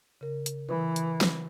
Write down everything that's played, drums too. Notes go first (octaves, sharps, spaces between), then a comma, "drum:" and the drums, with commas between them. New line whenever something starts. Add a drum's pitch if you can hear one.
C#3 A#4
drum: hi-hat
E3 B4
drum: hi-hat
drum: snare